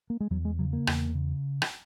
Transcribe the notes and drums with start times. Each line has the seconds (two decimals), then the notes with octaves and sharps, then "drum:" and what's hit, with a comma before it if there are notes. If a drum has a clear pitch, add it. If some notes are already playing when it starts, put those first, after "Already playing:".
0.10 A#3
0.20 G#3
0.31 E2 F#3
0.45 G#3
0.59 C#3 F#3
0.73 A#3
0.87 E2, drum: rim click
1.14 C#3
1.62 drum: rim click